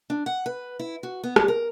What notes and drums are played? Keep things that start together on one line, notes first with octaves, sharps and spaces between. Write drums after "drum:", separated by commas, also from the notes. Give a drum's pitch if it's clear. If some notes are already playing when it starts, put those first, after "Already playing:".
D4
F#5
B4
E4
F#4
B3
G3, drum: rim click
A#4